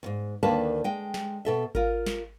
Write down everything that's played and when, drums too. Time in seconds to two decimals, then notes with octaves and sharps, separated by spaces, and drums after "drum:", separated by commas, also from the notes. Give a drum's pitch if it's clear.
0.03 E2 G#2
0.43 D2 D#3 A#3 D4 B4 A5
0.84 G#3 G5
1.14 drum: snare
1.45 B2 A4 E5
1.75 F4 A#4, drum: kick G#1
2.07 drum: snare